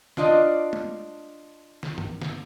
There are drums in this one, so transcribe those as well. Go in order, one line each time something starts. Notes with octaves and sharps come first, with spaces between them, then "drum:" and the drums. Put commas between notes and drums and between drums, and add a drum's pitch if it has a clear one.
D4 F4 D5 D#5, drum: snare
drum: tom
drum: snare
drum: tom
drum: snare